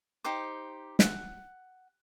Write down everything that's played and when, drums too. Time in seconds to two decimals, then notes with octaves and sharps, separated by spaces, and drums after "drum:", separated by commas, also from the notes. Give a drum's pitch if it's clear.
0.24 D#4 G4 C5 D6
0.99 F#5, drum: snare